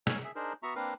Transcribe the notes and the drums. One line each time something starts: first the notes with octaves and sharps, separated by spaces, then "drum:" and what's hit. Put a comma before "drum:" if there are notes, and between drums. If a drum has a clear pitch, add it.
C#5 G#5 E6 F6, drum: snare
G#4 E5
D4 D#4 G#4 A#4 C5
B3 F#4 E5 A#5 C#6
A#3 C4 D4 A#4 B4 F5